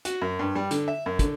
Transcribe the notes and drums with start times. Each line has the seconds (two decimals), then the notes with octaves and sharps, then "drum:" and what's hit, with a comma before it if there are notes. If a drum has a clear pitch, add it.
0.05 F#4, drum: hi-hat
0.22 F#2
0.39 G2
0.56 G3
0.71 D3, drum: hi-hat
0.88 E5
1.06 F#2
1.19 D3, drum: kick, hi-hat